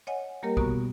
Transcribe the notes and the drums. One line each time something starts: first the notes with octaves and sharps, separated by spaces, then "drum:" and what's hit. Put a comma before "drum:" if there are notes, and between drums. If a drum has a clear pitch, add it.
C#5 D#5 F#5 G#5
G3 A#3 G4 A#4 D#5
B2 B3 F#4 A#5 C#6, drum: kick